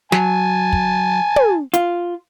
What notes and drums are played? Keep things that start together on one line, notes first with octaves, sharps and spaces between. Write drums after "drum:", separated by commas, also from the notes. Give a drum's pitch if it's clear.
F#3 G#5 A5, drum: snare
drum: kick
drum: tom
F4, drum: hi-hat